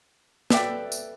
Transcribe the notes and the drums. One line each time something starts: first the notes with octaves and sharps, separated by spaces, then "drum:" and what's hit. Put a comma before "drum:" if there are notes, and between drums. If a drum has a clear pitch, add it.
A4 B4 D5 E5 G5, drum: snare
drum: tambourine